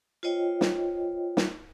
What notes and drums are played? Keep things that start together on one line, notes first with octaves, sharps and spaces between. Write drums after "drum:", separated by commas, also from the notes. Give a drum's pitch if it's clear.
F4 C5 C#5 D#5 G5
drum: snare
drum: snare